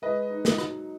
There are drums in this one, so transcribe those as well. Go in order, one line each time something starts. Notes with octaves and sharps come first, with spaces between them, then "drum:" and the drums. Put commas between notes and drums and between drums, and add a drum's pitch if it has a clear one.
G#3 B4 D#5
D#4
drum: snare
F#3, drum: rim click